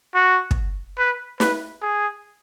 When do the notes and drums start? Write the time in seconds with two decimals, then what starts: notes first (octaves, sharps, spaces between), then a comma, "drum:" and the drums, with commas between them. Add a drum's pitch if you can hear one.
0.14 F#4
0.51 drum: kick
0.98 B4
1.40 B4, drum: snare
1.82 G#4